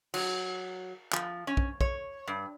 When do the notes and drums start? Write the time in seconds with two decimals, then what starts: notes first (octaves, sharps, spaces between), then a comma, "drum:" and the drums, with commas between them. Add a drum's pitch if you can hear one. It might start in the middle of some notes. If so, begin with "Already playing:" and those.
0.14 F#3, drum: cymbal
1.13 F3, drum: clap
1.47 C#4
1.57 drum: kick
1.81 C#5, drum: kick
2.28 G2